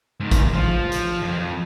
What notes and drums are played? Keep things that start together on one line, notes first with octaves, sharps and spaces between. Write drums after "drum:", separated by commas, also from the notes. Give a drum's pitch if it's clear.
G#2 D#3
drum: kick, hi-hat
F3
drum: hi-hat
F2